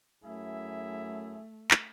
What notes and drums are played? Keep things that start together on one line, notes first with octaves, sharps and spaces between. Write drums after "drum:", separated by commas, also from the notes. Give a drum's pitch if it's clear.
F#2 A3 E4 G#4 E5
drum: clap